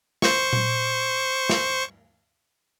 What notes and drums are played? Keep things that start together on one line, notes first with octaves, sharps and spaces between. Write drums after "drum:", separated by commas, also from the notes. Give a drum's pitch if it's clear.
C5 C#6, drum: snare
drum: tom A#2
drum: snare